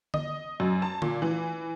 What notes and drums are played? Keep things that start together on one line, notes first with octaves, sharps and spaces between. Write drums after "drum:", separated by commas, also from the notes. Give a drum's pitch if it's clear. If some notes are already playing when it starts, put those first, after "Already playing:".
D#5, drum: tom D3
F#2
A5
A#2, drum: tom D3
E3